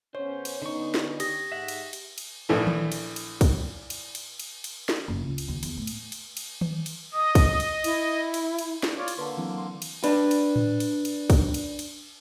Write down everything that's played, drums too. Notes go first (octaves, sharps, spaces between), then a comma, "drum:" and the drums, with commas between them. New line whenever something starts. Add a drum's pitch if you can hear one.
C#3 B3 C#4 C5 C#5
drum: cymbal
D3 B3 C#4 D#4 C#6
drum: snare
G4 D#6 A#6, drum: cymbal
G#2 E5 F#5
drum: cymbal
drum: cymbal
drum: cymbal
A#1 A2 E3 A3
drum: tom D#3
drum: cymbal
drum: cymbal
drum: kick, cymbal
drum: cymbal
drum: cymbal
drum: cymbal
drum: cymbal
drum: snare
F#1
C#2
drum: cymbal
D#2
E2, drum: cymbal
A2
drum: cymbal
drum: cymbal
drum: cymbal
drum: tom D#3
drum: cymbal
D#5 D#6
drum: kick, cymbal
drum: cymbal
E4, drum: cymbal
drum: cymbal
drum: cymbal
drum: snare
E4 F4 C#5 D5
drum: cymbal
D3 A#3 B4 A5 C6
E3 F#3 C4 E4
C6
drum: cymbal
D4 B4, drum: cymbal
drum: cymbal
drum: tom A2
drum: cymbal
drum: cymbal
drum: kick, cymbal
drum: cymbal
drum: cymbal